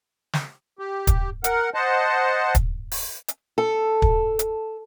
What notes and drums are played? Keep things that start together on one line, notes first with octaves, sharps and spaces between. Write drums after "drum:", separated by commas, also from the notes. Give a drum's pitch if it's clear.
drum: snare
G4
drum: kick, hi-hat
A#4 F#5, drum: hi-hat
C5 D#5 F#5 A5
drum: kick, hi-hat
drum: open hi-hat
drum: hi-hat
A4
drum: kick
drum: hi-hat